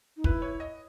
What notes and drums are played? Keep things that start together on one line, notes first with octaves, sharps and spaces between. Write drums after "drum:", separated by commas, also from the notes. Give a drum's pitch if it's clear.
D#4
E4 B4, drum: kick
C#5
D#5